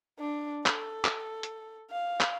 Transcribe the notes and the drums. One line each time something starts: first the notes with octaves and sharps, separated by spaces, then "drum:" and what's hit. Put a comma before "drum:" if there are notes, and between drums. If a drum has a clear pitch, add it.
D4
A4, drum: clap
drum: clap
drum: hi-hat
F5
drum: clap